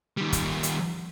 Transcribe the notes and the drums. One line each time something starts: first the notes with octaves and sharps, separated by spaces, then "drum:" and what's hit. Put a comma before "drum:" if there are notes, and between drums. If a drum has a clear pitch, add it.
D#3 G3
drum: kick, hi-hat
drum: hi-hat